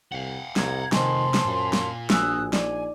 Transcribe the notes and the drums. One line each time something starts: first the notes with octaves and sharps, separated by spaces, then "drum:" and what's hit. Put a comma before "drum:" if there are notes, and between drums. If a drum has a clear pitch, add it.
C2 F5 F#5
C2 A#5 G#6, drum: snare
C3 D#3 F3 C5 G#5 A5 C6, drum: snare
drum: snare
F#2 A#2
drum: snare
A#1 D4 F#4 G#5 D#6 E6 F#6, drum: snare
D#4 D5 G#5, drum: snare